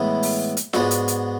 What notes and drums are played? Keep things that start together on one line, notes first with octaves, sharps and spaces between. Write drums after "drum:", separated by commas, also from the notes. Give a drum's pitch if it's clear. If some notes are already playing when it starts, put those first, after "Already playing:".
Already playing: A2 E3 G#3 B3 E4
drum: open hi-hat
drum: hi-hat
G#2 G#3 B3 D4 F#4, drum: snare F4
drum: hi-hat
drum: hi-hat